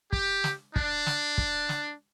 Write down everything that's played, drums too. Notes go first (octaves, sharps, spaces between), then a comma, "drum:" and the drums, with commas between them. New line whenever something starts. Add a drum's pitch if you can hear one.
G4, drum: kick
drum: snare
D4, drum: kick
drum: snare
drum: kick
drum: snare